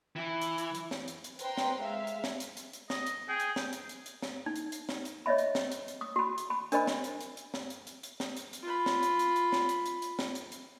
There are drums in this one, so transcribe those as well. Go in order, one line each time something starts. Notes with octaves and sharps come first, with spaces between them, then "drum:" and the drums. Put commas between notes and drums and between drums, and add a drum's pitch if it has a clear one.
E3
drum: hi-hat
drum: hi-hat
drum: hi-hat
drum: snare
drum: hi-hat
drum: hi-hat
B4 C5 G5 A#5 C6, drum: hi-hat
drum: snare
G#3 E5 F5
drum: hi-hat
drum: snare
drum: hi-hat
drum: hi-hat
drum: hi-hat
D#5, drum: snare
drum: hi-hat
G#4 G5
drum: hi-hat
drum: snare
drum: hi-hat
drum: hi-hat
drum: hi-hat
drum: snare
D#4
drum: hi-hat
drum: hi-hat
drum: snare
drum: hi-hat
C#5 D#5 E5 B5
drum: hi-hat
drum: snare
drum: hi-hat
drum: hi-hat
D#6
F#4 B5
drum: hi-hat
B5
D4 A#4 C5 D#5 B5, drum: hi-hat
drum: snare
drum: hi-hat
drum: hi-hat
drum: hi-hat
drum: snare
drum: hi-hat
drum: hi-hat
drum: hi-hat
drum: snare
drum: hi-hat
drum: hi-hat
F4 B5
drum: snare
drum: hi-hat
drum: hi-hat
drum: hi-hat
drum: snare
drum: hi-hat
drum: hi-hat
drum: hi-hat
drum: snare
drum: hi-hat
drum: hi-hat